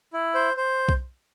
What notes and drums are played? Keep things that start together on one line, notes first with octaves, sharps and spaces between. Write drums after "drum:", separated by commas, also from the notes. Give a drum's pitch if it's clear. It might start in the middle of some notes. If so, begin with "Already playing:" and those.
E4
C5
C5
drum: kick B1